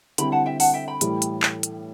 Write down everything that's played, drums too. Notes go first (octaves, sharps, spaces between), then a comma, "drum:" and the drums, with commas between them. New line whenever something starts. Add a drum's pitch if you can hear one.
D3 G3 C4 E4 G5 B5, drum: hi-hat
F#5 A5
E5 G5
F#5 A5, drum: open hi-hat
E5 G5
G5 B5
A2 E3 G3, drum: hi-hat
drum: hi-hat
drum: clap
drum: hi-hat